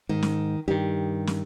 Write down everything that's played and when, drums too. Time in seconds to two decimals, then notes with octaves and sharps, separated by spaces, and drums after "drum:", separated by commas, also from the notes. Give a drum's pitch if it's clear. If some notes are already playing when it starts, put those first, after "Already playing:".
0.09 G#2 D#3
0.23 drum: snare
0.68 G2 D#3 G4
1.27 drum: snare